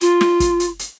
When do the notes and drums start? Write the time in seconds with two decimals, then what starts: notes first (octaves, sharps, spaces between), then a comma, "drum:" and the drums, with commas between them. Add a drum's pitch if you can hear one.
0.01 F4, drum: hi-hat
0.21 drum: snare
0.40 drum: kick, hi-hat
0.60 drum: hi-hat
0.79 drum: hi-hat